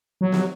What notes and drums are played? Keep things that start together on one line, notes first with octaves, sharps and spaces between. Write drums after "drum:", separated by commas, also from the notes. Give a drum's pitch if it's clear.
F#3
drum: snare